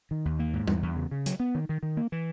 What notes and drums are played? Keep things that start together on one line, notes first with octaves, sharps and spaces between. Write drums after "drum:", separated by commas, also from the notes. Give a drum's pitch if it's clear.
D#3
D#2
A#3
G#2
E2, drum: tom G3
E2
C#3
C#3
F#3, drum: hi-hat
B3
D#3
D#3
D#3
A#3
E3